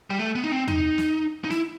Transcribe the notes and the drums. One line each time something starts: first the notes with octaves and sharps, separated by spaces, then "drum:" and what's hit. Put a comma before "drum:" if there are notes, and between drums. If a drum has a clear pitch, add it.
G3
A3
B3
D#4
C4
D#4, drum: tom
drum: snare
D#4
E4, drum: snare